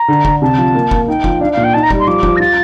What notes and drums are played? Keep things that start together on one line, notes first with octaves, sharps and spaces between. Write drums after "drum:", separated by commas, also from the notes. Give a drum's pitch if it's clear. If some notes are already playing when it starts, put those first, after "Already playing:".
Already playing: A#5
D3
D3, drum: kick F#1
C3 A5
F3
A#3
A#3, drum: kick F#1
D#4 G5
F3, drum: kick F#1
D4 F5
F5
A#2
G5
D#4 A5
A#5
G3, drum: kick F#1
C6
F3 D6
F3, drum: kick F#1
A#6
F4 A6